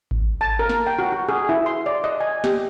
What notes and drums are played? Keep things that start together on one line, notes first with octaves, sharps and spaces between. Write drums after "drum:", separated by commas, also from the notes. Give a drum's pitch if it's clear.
drum: kick G#1
A5
A#4
drum: snare
G5
F#4
F#4
G#4
E4
C6
D5
D#5
G#5
G4, drum: snare